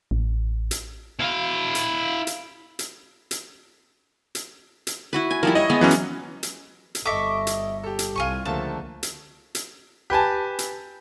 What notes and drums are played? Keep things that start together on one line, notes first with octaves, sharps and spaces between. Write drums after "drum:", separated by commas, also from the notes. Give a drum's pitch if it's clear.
A1
drum: hi-hat
E4 F5
drum: hi-hat
drum: hi-hat
drum: hi-hat
drum: hi-hat
drum: hi-hat
drum: hi-hat
E4 F#4 B4
G#5
F3 G3 E4 A#4
C#5 D#5 F#5
G#3 B3 F5
E3 F#3 C#4
drum: hi-hat
drum: hi-hat
drum: hi-hat
G1 A4 D#5 E5 C#6 D6
drum: hi-hat
G4 A4
drum: hi-hat
C2 F4 G#5 C#6
C#2 D3 F3 A3 A#3 A5
drum: hi-hat
drum: hi-hat
G4 B4 G#5 A5
drum: hi-hat